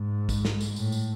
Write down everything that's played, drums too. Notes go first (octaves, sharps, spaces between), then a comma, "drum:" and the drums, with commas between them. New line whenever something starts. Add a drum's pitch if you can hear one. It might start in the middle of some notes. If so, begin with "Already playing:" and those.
Already playing: G#2
drum: kick, tambourine
drum: snare
drum: tambourine
A2, drum: tambourine
drum: tambourine